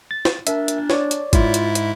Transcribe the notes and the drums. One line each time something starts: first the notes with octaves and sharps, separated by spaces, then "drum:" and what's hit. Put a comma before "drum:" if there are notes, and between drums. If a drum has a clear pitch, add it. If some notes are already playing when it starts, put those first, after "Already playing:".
A6
drum: snare
D4 A#4 E5, drum: hi-hat
drum: hi-hat
C#5 D5, drum: snare
drum: hi-hat
G#2 E4 F4, drum: kick, hi-hat
drum: hi-hat
drum: hi-hat